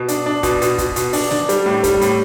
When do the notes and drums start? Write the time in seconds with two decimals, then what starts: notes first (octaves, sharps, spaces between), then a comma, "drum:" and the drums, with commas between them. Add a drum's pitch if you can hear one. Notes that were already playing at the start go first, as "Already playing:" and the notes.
Already playing: B2
0.08 D4, drum: hi-hat
0.26 D4
0.43 B2, drum: kick, hi-hat
0.62 B2, drum: hi-hat
0.78 B2, drum: kick, hi-hat
0.96 B2, drum: hi-hat
1.13 D4, drum: open hi-hat
1.31 D4, drum: snare
1.49 G3, drum: hi-hat
1.66 A2
1.84 G3, drum: kick, hi-hat
2.01 A2, drum: hi-hat